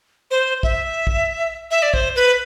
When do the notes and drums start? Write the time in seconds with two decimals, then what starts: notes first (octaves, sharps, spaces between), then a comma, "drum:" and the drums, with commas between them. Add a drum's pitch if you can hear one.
0.31 C5
0.63 E5, drum: kick
1.07 drum: kick
1.71 E5
1.83 D5
1.94 C5, drum: kick
2.16 B4